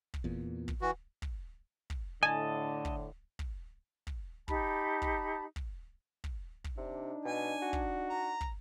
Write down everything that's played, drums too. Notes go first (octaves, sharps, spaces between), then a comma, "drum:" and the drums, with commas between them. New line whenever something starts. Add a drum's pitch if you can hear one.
drum: kick
E2 A#2
drum: kick
E3 F#4
drum: kick
drum: kick
A2 D3 D#5 G#5 A5
drum: kick
drum: kick
drum: kick
D#4 G4 A5 B5, drum: kick
drum: kick
drum: kick
drum: kick
drum: kick
C3 D4 D#4
B2 G#5
F#4
drum: kick
A#5
drum: kick